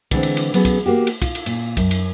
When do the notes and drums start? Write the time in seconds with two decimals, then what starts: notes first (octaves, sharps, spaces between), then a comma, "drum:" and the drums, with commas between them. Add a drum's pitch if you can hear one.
0.11 D3 E3 G#3 C4, drum: kick, cymbal
0.23 drum: cymbal
0.37 drum: cymbal
0.54 F#3 B3 C#4 G#4 A4, drum: cymbal
0.65 drum: kick, cymbal
0.86 A#3 F#4 G4
1.07 drum: cymbal
1.22 F4, drum: kick, cymbal
1.35 drum: cymbal
1.46 A#2, drum: cymbal
1.77 F#2, drum: kick, cymbal
1.91 drum: cymbal